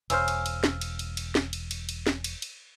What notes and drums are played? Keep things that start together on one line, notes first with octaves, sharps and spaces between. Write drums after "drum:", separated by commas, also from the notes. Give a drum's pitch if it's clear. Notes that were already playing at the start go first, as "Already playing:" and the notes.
E1 C#3 C#4 C5 E6 F6, drum: cymbal
drum: cymbal
drum: cymbal
drum: snare
drum: cymbal
drum: cymbal
drum: cymbal
drum: snare
drum: cymbal
drum: cymbal
drum: cymbal
drum: snare
drum: cymbal
drum: cymbal